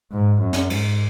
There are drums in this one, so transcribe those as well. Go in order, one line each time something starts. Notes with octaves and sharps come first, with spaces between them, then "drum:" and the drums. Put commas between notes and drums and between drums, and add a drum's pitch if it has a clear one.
G#2
F#2
drum: snare
G#2, drum: cymbal